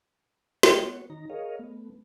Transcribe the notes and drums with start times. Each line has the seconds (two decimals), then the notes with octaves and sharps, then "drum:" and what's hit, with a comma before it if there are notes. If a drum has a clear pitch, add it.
0.63 G#3 A3 A#4 C#5 D#5 G5, drum: snare
0.85 B3 F#4 C#5
1.10 D#3 D#4 A#5
1.30 G#4 A#4 C#5 D#5 F5
1.59 A3 B3